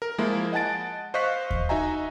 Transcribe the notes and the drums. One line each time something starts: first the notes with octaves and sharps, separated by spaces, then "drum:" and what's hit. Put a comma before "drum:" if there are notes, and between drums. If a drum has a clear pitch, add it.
A#4
F3 G#3 A#3 E4 F4
D#5 F#5 G#5 A5 A6 D7
C5 D#5 F5 C#6 F#6 B6
drum: kick D#2
D#4 F#4 D#5 E5 G#5 A#5